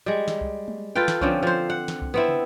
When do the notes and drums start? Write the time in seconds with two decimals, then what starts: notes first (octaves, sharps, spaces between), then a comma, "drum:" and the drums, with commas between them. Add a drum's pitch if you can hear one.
0.06 G3 G#3
0.28 drum: snare
0.41 drum: kick C2
0.68 drum: tom G#3
0.95 F4 A4 B4 G5
1.08 drum: snare
1.21 D3 F3 C4 C#4, drum: kick C2
1.43 F3 C5
1.70 F#5
1.88 drum: snare
2.02 drum: kick C2
2.14 B3 C4 E4
2.28 drum: tom